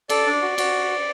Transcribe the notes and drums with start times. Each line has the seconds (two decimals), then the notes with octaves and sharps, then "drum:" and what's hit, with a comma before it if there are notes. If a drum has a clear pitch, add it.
0.09 A4 D5, drum: cymbal
0.27 D4
0.42 F#4
0.58 F#4, drum: cymbal